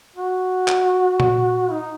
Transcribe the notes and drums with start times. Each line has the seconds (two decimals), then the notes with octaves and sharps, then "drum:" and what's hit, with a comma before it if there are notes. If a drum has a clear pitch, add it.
0.16 F#4
0.68 drum: clap
1.20 drum: tom A#2
1.71 D#4